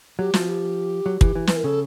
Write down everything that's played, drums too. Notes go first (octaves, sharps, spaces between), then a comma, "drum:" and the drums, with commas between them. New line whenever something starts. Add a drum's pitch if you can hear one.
F#3 G4
F3 F#4, drum: snare
G4
F#3
E3, drum: kick
E3
B4, drum: snare
A#4
C#3 A4